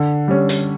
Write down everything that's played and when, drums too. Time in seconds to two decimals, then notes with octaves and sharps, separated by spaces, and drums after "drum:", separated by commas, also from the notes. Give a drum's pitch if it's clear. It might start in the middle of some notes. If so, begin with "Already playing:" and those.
Already playing: D3
0.28 G3 C#4
0.49 drum: hi-hat